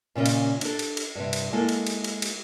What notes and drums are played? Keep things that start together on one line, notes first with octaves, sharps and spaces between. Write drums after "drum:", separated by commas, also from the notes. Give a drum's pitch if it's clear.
A#2 C#3 E3 C#4 D#5
drum: cymbal
D4 A4, drum: cymbal
drum: cymbal
drum: cymbal
G2 C3
drum: cymbal
G#3 A#3 E4 A4
drum: cymbal
drum: cymbal
drum: cymbal
drum: cymbal